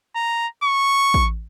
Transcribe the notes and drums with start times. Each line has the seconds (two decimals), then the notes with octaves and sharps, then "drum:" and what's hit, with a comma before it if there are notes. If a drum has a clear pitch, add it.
0.16 A#5
0.64 C#6
1.14 drum: kick A1